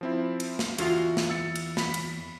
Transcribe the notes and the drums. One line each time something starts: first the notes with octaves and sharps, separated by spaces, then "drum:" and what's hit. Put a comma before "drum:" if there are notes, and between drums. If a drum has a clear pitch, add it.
F3 C4 E4
drum: cymbal
drum: snare
E2 F4 F#4 F5, drum: cymbal
drum: snare
E6 A6 C#7
drum: cymbal
B5 B6, drum: snare
drum: cymbal